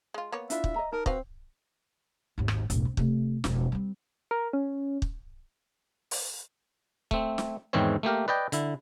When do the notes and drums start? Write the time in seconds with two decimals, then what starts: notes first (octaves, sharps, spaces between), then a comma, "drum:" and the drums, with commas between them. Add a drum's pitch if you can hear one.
0.14 G#3 F4
0.32 A#3 B3 C#5
0.50 D4 E4 F4 E5, drum: hi-hat
0.64 drum: kick
0.76 D#5 A#5
0.92 D#4 A#4 A5
1.06 C4 F#4 B4 F5, drum: kick
2.38 G#1 D#2
2.48 drum: rim click
2.70 E1 A1, drum: hi-hat
2.85 C4
2.97 C3 A3, drum: kick
3.44 E1 F2, drum: snare
3.72 G3 C4
4.31 A#4
4.53 C#4
5.02 drum: kick
6.11 drum: open hi-hat
7.11 A3 C4, drum: kick
7.38 drum: snare
7.73 E2 G#2 D#3 E3 C4 C#5
8.03 A3 A#3 G4 A#4
8.28 B4 D5 D#5 G5
8.52 D3 E4, drum: hi-hat